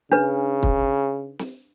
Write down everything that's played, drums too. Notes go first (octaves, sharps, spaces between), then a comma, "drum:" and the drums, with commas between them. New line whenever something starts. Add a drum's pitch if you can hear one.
C#3 D4 B4
drum: kick
drum: snare